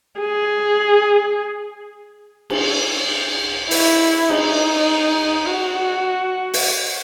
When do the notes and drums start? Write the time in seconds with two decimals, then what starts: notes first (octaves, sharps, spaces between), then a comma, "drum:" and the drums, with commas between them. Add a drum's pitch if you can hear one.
0.20 G#4
2.50 drum: cymbal
3.71 E4, drum: open hi-hat
4.29 D#4, drum: cymbal
5.46 F#4
6.54 drum: open hi-hat